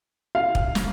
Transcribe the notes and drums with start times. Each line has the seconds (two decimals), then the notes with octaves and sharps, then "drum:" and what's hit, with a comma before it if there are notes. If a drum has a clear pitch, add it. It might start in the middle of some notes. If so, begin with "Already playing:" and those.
0.35 F5
0.55 drum: kick
0.75 drum: snare